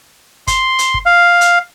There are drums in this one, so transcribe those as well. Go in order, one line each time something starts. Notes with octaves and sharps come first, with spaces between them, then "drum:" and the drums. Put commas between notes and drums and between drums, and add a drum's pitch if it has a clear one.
C6, drum: kick, hi-hat
drum: hi-hat
drum: kick
F5
drum: hi-hat